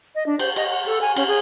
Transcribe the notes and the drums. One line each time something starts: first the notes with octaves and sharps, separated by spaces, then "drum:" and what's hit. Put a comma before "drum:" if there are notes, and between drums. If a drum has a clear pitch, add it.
D#5
D4
C5, drum: cymbal
D#5, drum: cymbal
F#5
A4
G#5
C#4, drum: cymbal
G#4